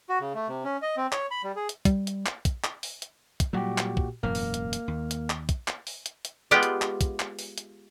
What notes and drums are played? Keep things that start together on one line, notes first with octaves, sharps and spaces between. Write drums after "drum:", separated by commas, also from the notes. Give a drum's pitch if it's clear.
F#4
C#3
A3
C3
C#4
D#5
C4
C#5, drum: clap
B5
G3
G#4
drum: hi-hat
G3, drum: kick, hi-hat
drum: hi-hat
drum: clap
drum: kick, hi-hat
drum: clap
drum: open hi-hat
drum: hi-hat
drum: kick, hi-hat
A#2 F#3 G3 F#4 G4
drum: clap
drum: kick
E1 F#2 A2 A#3 F6
drum: open hi-hat
drum: hi-hat
drum: hi-hat
D#2
drum: hi-hat
drum: clap
drum: kick, hi-hat
drum: clap
drum: open hi-hat
drum: hi-hat
drum: hi-hat
G#3 B3 F4 G4 F#5 G5
drum: hi-hat
drum: clap
drum: kick, hi-hat
drum: clap
drum: open hi-hat
drum: hi-hat